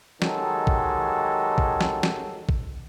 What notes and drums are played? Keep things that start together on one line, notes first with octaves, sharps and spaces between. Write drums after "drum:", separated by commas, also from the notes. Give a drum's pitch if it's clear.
D#3 F#3 G#3 G4 A4, drum: snare
drum: kick
drum: kick
drum: snare
drum: snare
drum: kick